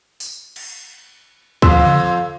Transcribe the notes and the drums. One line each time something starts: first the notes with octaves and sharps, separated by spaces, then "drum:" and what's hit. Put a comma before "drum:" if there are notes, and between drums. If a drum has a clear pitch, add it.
drum: open hi-hat
drum: cymbal
F2 C6 E6, drum: kick C#2
drum: tom C#3